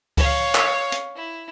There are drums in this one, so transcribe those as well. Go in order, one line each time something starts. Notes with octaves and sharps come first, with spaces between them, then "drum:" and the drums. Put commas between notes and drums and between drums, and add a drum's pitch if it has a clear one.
C#5 F5, drum: kick C#2, open hi-hat
drum: clap
drum: hi-hat
E4